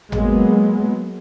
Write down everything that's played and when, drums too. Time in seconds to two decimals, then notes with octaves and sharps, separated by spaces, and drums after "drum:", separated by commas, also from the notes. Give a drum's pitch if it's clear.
0.12 F#3 G#3 A#3 B3, drum: tom G#1